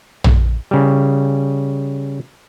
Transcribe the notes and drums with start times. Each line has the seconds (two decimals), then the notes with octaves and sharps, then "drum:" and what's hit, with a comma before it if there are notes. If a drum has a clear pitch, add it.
0.24 drum: tom A#1
0.71 C#3 G3